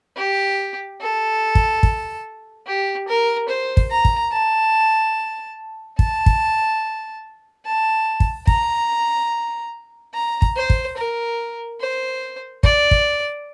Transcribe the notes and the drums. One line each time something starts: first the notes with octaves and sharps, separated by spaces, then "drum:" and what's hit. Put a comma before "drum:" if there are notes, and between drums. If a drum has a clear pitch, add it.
G4
A4
drum: kick
drum: kick
G4
A#4
C5
drum: kick
A#5
drum: kick
A5
A5, drum: kick
drum: kick
A5
drum: kick
A#5, drum: kick
A#5
drum: kick
C5
drum: kick
A#4
C5
D5, drum: kick
drum: kick